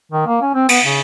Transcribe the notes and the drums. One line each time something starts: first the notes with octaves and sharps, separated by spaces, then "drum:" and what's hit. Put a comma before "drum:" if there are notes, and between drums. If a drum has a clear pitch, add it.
D#3
A#3
C#4
C4
B3, drum: cymbal
C#3